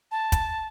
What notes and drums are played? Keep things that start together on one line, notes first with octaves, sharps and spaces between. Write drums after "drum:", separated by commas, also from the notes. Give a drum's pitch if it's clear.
A5
drum: kick, hi-hat